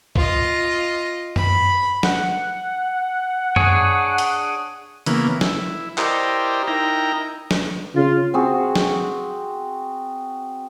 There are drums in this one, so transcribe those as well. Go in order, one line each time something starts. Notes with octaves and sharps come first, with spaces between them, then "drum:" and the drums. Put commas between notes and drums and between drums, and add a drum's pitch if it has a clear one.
F4 D#5, drum: kick
B5, drum: tom F#2
F#5, drum: snare
D4 G#4 C#5, drum: tom F#2
drum: hi-hat
C#3 E3 A#3 B3, drum: hi-hat
E4, drum: snare
E4 G4 A#4 C5 D5 D#5, drum: clap
D#4 E4 A#4 G5 A#5
drum: snare
C#3 F4
C4 F#4 G#4
drum: snare